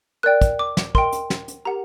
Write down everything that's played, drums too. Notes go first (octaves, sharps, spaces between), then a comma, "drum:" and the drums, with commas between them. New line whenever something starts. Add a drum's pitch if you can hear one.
A#4 D5 G5 F#6
drum: kick, hi-hat
D6
drum: snare
A#4 D#5 G5 C6, drum: kick
drum: hi-hat
drum: snare
drum: hi-hat
G4 A#4 F#5 A#5